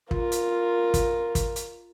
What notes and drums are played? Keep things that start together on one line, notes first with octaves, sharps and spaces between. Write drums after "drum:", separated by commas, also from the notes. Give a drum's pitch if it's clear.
F4 A#4, drum: kick
drum: hi-hat
drum: kick, hi-hat
drum: kick, hi-hat
drum: hi-hat